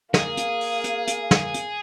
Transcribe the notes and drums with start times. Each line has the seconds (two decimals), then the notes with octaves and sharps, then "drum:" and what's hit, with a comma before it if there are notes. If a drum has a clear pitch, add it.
0.14 A#3 G#4 F5, drum: snare
0.37 drum: hi-hat
0.61 drum: open hi-hat
0.84 drum: hi-hat
1.08 drum: hi-hat
1.31 drum: snare
1.54 drum: hi-hat